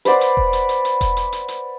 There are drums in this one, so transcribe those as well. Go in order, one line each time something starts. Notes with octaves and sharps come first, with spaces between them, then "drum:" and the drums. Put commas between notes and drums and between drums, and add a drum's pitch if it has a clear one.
B4 C5 D5 F#5, drum: hi-hat
drum: hi-hat
drum: kick E1
drum: hi-hat
drum: hi-hat
drum: hi-hat
drum: kick E1, hi-hat
drum: hi-hat
drum: hi-hat
drum: hi-hat